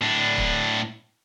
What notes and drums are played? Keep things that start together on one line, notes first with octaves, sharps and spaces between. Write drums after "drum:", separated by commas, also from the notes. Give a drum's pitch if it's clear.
A2 D4
drum: kick